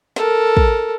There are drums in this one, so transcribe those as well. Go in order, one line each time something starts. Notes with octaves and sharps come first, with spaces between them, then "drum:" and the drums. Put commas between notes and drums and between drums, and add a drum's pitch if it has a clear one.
A4 A#4, drum: snare
drum: kick